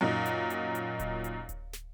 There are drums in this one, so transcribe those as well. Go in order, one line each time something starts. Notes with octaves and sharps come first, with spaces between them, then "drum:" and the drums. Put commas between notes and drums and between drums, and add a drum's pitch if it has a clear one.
F#2 A#2 D#4
drum: hi-hat
drum: hi-hat
drum: hi-hat
drum: kick D1, hi-hat
drum: hi-hat
drum: kick D1, hi-hat
drum: snare